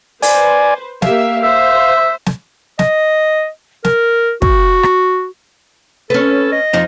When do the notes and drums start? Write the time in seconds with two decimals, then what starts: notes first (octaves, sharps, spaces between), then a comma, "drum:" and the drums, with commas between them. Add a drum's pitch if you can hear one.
0.22 B4 C5 D5 G#5, drum: open hi-hat
1.02 A#3 G4 E5 F5, drum: snare
1.43 C5 E5
2.26 drum: snare
2.79 D#5, drum: snare
3.84 A#4, drum: snare
4.42 F#4, drum: kick
4.83 drum: rim click
6.10 C#4 A4 B4
6.52 D#5
6.73 F2 F3 D#4